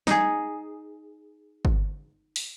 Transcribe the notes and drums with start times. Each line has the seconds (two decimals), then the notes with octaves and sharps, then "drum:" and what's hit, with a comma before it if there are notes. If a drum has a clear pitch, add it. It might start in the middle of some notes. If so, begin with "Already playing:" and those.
0.07 D#4 G#4, drum: snare
1.65 drum: kick G1
2.36 drum: open hi-hat